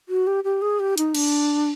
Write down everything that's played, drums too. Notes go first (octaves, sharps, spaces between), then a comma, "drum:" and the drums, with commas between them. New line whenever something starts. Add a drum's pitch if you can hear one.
F#4
G4
G4
G#4
G4
D#4, drum: hi-hat
D4, drum: cymbal